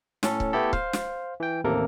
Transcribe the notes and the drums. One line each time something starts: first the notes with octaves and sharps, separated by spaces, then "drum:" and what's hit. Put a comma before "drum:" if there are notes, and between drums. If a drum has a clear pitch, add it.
A2 C#4 A4, drum: snare
drum: kick C#1
A3 B3 E4 G4 A4
C5 F5, drum: kick C#1
drum: snare
E3 G5
A1 D#2 C3 A#3 A4 A#4